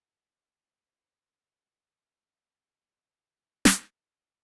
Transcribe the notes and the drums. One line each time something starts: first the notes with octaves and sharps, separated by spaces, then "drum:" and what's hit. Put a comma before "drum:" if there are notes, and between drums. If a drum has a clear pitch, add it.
F#3 A3 C4 C5
F#3 C4
D#3 G3 C4 E5
F#3 A3 C4 F#5
E3 A3 C4 E5
drum: snare
F#3 C4 B4